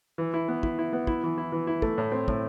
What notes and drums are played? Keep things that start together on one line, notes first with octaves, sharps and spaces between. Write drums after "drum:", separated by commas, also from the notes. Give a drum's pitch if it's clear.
E3
E4
B3
E4, drum: kick
E4
B3
E4, drum: kick
E3
E4
E3
E4
A3, drum: kick
A2
C4
A2, drum: kick